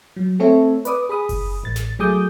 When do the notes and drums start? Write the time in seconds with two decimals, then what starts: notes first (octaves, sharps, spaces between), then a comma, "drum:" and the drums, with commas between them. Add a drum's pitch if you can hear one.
0.16 F#3
0.40 A3 C4 A4 C#5 E5
0.85 B4 D5 D6 D#6, drum: hi-hat
1.09 G#4 B5 D#6
1.29 drum: kick F#1, open hi-hat
1.64 A1 A6
1.76 drum: snare
1.99 F#3 A3 G#4 D6 D#6 G6